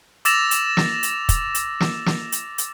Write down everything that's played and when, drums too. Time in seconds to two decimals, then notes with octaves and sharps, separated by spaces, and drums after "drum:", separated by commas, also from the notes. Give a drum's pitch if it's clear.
0.25 D6 E6 A6 A#6 E7 F7, drum: hi-hat
0.51 drum: hi-hat
0.77 drum: snare
1.03 drum: hi-hat
1.29 drum: kick, hi-hat
1.55 drum: hi-hat
1.80 drum: snare
2.06 drum: snare
2.32 drum: hi-hat
2.58 drum: hi-hat